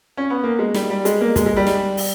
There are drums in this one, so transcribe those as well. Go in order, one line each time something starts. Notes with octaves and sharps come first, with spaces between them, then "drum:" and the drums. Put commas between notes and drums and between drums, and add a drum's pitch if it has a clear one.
C#4
B3
A#3
G#3
G3, drum: snare
G3
G#3, drum: hi-hat
A#3
G#3, drum: kick, hi-hat
G#3
G3
drum: snare
drum: open hi-hat